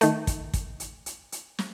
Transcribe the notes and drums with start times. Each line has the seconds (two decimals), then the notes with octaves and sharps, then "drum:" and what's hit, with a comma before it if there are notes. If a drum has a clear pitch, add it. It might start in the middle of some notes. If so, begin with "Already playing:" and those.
0.01 D#3 A3, drum: hi-hat
0.27 drum: kick, hi-hat
0.54 drum: kick, hi-hat
0.80 drum: hi-hat
1.06 drum: hi-hat
1.32 drum: hi-hat
1.59 drum: snare